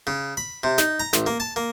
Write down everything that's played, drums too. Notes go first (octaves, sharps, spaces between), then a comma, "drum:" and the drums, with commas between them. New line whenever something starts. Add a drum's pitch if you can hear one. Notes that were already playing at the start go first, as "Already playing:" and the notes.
C#3
B5
C3
D#4, drum: snare
A#5
A1, drum: snare
A#3
A5
A#3